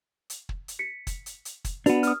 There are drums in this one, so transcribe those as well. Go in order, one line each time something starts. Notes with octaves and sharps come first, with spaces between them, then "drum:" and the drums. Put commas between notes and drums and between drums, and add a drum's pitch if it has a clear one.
drum: hi-hat
drum: kick
drum: hi-hat
B6 C#7
drum: kick, hi-hat
drum: hi-hat
drum: hi-hat
drum: kick, hi-hat
B3 D4 F#4 B4 F7, drum: hi-hat
D#6 F6, drum: hi-hat